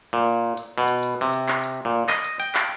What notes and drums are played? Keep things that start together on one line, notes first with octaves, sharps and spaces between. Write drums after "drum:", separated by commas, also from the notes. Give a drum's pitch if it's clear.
A#2
drum: hi-hat
B2
drum: hi-hat
drum: hi-hat
C3
drum: hi-hat
drum: clap
drum: hi-hat
A#2
D#5, drum: clap
drum: hi-hat
G5, drum: hi-hat
drum: clap